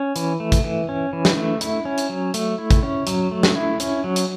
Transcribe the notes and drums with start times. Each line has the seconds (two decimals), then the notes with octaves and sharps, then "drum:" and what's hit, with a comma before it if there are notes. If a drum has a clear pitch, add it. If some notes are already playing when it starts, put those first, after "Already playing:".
Already playing: C#4
0.16 E3, drum: hi-hat
0.40 A3
0.52 drum: kick, hi-hat
0.64 E3
0.89 C#4
1.13 E3
1.25 drum: snare
1.37 A3
1.61 E4, drum: hi-hat
1.85 C#4
1.98 drum: hi-hat
2.09 F#3
2.34 A3, drum: hi-hat
2.58 E4
2.71 drum: kick, hi-hat
2.83 C#4
3.07 F#3, drum: hi-hat
3.31 A3
3.43 drum: snare
3.56 E4
3.80 C#4, drum: hi-hat
4.04 F#3
4.16 drum: hi-hat